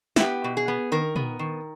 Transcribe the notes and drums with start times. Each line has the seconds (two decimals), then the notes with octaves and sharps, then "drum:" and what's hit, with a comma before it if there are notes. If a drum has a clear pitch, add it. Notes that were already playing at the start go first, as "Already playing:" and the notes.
0.16 E4, drum: snare
0.20 B3 G4
0.44 B2
0.57 G#4
0.68 B3
0.92 D#3 A#4
1.16 B3, drum: tom
1.39 D#3